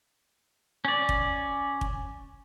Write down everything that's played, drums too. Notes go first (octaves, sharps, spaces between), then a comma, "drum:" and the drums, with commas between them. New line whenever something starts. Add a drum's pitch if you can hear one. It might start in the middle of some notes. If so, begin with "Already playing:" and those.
C#4 D5
drum: kick
drum: kick